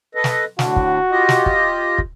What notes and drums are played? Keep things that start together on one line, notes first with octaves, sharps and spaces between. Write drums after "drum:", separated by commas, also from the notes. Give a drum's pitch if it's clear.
A4 B4 D#5
drum: snare
A2 D3 D4 F#4, drum: snare
drum: kick
F4 G4 D#5
drum: snare
drum: kick
drum: kick